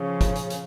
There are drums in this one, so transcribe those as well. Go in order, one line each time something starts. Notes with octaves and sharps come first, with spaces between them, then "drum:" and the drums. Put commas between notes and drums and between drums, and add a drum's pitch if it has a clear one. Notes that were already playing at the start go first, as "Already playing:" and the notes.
Already playing: C#3 F3 C#4
drum: kick, hi-hat
drum: hi-hat
drum: hi-hat